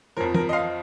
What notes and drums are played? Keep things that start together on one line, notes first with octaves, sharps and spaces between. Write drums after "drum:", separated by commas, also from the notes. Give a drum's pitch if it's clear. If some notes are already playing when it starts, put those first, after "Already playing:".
F2 F3 A#4
A#4, drum: tom E3
D#5
F5